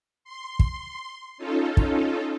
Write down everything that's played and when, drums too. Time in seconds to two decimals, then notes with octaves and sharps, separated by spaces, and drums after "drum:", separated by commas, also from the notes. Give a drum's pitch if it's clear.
0.24 C6
0.59 drum: kick
1.38 C#4 D#4 F4 A4
1.77 drum: kick